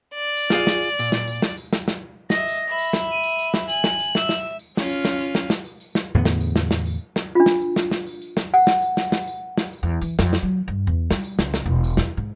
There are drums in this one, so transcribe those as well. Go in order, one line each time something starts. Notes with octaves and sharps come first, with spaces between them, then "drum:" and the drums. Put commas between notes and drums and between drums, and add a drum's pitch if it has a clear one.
D5
drum: tambourine
F4 G#4 F5, drum: snare
drum: snare
drum: tambourine
A#2, drum: tambourine
drum: snare
drum: tambourine
drum: snare
drum: tambourine
drum: snare
drum: snare
D#5 E5 A#6, drum: snare
drum: tambourine
E5 B5
drum: tambourine
drum: snare
D#7
drum: tambourine
drum: tambourine
drum: snare
G#5 F#7, drum: tambourine
drum: snare
drum: tambourine
E5 E6, drum: snare
drum: snare
drum: tambourine
C#4 F4, drum: snare
drum: tambourine
drum: snare
drum: tambourine
drum: snare
drum: snare
drum: tambourine
drum: tambourine
drum: snare
E2 A2 D3 B3
drum: snare
drum: tambourine
drum: snare
drum: snare
drum: tambourine
drum: snare
D4 F4
drum: snare
drum: tambourine
drum: snare
drum: snare
drum: tambourine
drum: tambourine
drum: snare
F#5, drum: tambourine
drum: snare
drum: tambourine
drum: snare
drum: snare
drum: tambourine
drum: snare
drum: tambourine
E2
E3, drum: tambourine
F2, drum: snare
drum: snare
F#3
G2
E2
G3, drum: snare
drum: tambourine
C#2, drum: snare
drum: snare
E1
drum: tambourine
E2, drum: snare
G#2